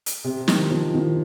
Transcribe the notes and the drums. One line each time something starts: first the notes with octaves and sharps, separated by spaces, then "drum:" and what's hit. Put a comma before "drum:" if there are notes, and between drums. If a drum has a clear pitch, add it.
drum: hi-hat
C3
D#3, drum: snare
F3
D#3